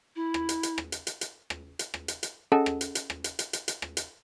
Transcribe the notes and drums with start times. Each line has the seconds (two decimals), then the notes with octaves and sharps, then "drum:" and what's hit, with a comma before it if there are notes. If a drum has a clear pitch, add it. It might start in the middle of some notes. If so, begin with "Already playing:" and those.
0.16 E4
0.34 drum: rim click
0.49 drum: hi-hat
0.63 drum: hi-hat
0.78 drum: rim click
0.92 drum: hi-hat
1.07 drum: hi-hat
1.21 drum: hi-hat
1.50 drum: rim click
1.79 drum: hi-hat
1.94 drum: rim click
2.08 drum: hi-hat
2.23 drum: hi-hat
2.52 C#4 G#4 A4 D#5 F#5 A5
2.66 drum: rim click
2.81 drum: hi-hat
2.95 drum: hi-hat
3.10 drum: rim click
3.24 drum: hi-hat
3.39 drum: hi-hat
3.53 drum: hi-hat
3.68 drum: hi-hat
3.82 drum: rim click
3.97 drum: hi-hat